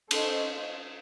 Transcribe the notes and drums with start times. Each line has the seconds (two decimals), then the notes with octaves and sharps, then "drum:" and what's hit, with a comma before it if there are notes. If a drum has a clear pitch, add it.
0.11 C#4 A4 C5 D#5, drum: cymbal